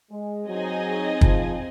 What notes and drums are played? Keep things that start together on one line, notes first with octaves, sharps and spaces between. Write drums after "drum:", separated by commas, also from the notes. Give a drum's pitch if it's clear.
G#3
F#3 C4 D#4 G#4 D#5 G#5
F3, drum: kick